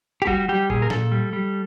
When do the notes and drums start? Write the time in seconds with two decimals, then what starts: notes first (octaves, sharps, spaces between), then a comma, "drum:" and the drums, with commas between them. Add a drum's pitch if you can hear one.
0.22 G4
0.27 G3 F#4, drum: kick
0.48 G3 G4
0.70 A#2 G#4, drum: kick
0.82 A#4
0.90 A#2 A4, drum: snare
1.12 G3
1.33 G3